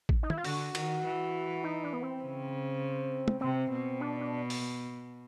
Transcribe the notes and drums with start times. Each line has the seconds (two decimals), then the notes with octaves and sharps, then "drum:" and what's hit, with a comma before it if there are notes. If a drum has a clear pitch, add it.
0.09 drum: kick A1
0.23 D#4
0.30 E4, drum: tom
0.37 F4
0.44 D3 F#4, drum: open hi-hat
0.75 D#3, drum: cymbal
1.05 E3
1.64 D#4
1.84 D4
1.93 B3
2.03 C4
2.23 C#3
3.28 drum: tom
3.41 C3 C4
3.71 B2
4.01 D4
4.20 D4
4.50 drum: open hi-hat